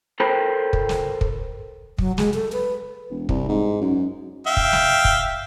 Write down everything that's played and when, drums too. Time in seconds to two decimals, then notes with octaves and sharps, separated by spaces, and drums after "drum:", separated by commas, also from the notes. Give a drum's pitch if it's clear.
0.20 A4 A#4 C5 G5 A#5 B5
0.73 drum: kick
0.89 drum: snare
1.21 drum: kick
1.98 F#3, drum: kick
2.18 G#3, drum: snare
2.34 A4
2.52 B4
3.10 E1
3.29 C2, drum: kick
3.49 G#2
3.81 F#2
4.47 E5 F5 G5
4.57 drum: kick
4.73 drum: snare
5.05 drum: kick